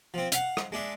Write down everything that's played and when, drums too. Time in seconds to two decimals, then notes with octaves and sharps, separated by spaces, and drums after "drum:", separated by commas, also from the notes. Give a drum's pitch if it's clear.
0.14 F3 C4
0.32 F5 F#5, drum: hi-hat
0.57 drum: rim click
0.72 G#3 D4 E5